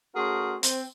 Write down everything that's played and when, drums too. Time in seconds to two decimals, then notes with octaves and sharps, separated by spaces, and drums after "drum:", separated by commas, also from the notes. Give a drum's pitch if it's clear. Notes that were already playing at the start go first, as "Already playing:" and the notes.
0.16 A3 C#4 F#4 G#4 A#4 C6
0.63 C4, drum: hi-hat